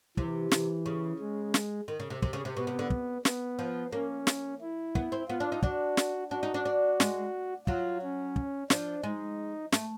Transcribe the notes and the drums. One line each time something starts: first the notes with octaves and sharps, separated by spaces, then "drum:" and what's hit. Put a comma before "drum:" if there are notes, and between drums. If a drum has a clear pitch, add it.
C3 E3, drum: kick
E3, drum: snare
C#3
G#3
drum: snare
D#3
C#3
C3
C3, drum: kick
C#3
C3
B2 B3
C3
D3
drum: kick
B3, drum: snare
F3
A#3 C#4
drum: snare
E4
B3, drum: kick
C4
B3 F4
D4
D#4
D4 F#4, drum: kick
drum: snare
D4 F#4
D#4
D4
D4
G#3, drum: snare
F#3 F4, drum: kick
C#4
drum: kick
F3 D4, drum: snare
G#3 D#4
A3, drum: snare